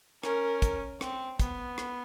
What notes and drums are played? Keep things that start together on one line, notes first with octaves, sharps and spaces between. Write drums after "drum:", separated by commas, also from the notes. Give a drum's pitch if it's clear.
C#4 A#4, drum: rim click
drum: kick, hi-hat
C4, drum: rim click
B3, drum: kick, hi-hat
drum: rim click